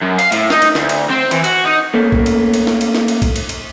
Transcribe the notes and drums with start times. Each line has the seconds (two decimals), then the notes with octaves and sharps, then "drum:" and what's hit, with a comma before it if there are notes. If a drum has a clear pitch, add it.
0.02 F#2
0.19 F5, drum: cymbal
0.32 A2, drum: cymbal
0.50 D#4, drum: snare
0.62 drum: cymbal
0.75 D2, drum: snare
0.89 drum: cymbal
1.10 C4
1.31 E3, drum: cymbal
1.44 F#4, drum: cymbal
1.65 D#4
1.94 A3 A#3 C#4
2.12 drum: kick B1
2.26 drum: cymbal
2.53 drum: cymbal
2.67 drum: snare
2.81 drum: cymbal
2.95 drum: snare
3.08 drum: cymbal
3.22 drum: kick B1, cymbal
3.36 drum: cymbal
3.49 drum: cymbal